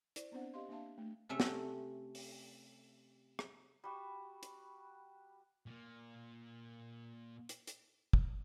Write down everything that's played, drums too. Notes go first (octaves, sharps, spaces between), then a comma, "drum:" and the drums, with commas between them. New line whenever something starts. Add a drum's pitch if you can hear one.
E4 C5 D5, drum: hi-hat
B3 C4 D4 C5 F#5
G4 D#5 F5 C6
A#3 D4 E5 F5 A5
A3 D4
C3 A3 C#4 E5
drum: snare
drum: open hi-hat
drum: rim click
G3 F#4
drum: hi-hat
A#2 A#3
drum: hi-hat
drum: hi-hat
drum: kick